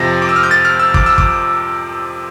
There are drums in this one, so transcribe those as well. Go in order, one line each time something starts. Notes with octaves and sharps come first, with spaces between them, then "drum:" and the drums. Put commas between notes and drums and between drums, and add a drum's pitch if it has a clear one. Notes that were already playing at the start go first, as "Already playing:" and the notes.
Already playing: F2 C3 F3 A6 A#6
D6
E6
F6
G6
A6
F6
E6
D6, drum: kick
E6
D6, drum: kick